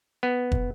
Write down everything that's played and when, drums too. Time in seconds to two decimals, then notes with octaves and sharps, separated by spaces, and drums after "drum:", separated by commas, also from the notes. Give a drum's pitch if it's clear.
0.23 B3
0.52 drum: kick